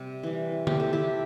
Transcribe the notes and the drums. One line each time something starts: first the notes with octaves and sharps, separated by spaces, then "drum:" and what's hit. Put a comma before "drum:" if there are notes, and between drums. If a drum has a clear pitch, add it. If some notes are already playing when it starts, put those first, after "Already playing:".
Already playing: C3 G3
E3 G3
C3 G4, drum: tom D3
A4
E4 G4